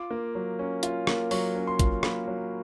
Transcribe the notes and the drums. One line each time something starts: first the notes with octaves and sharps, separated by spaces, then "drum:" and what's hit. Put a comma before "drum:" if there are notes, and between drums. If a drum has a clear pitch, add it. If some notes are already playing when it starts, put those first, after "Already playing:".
Already playing: F4 D6
A#3
F#3
C#4
F4, drum: hi-hat
A#3, drum: rim click
F#3 C#6, drum: open hi-hat
C#4
C6
F4, drum: kick, hi-hat
A#3 B5, drum: rim click
F#3